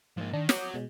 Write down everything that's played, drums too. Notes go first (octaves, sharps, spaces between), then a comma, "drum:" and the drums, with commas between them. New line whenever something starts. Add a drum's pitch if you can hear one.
G#2 F3 A#3
D#3 D4 A#6
F#4 C#5 D6 D#6 G6, drum: snare
B2 G#3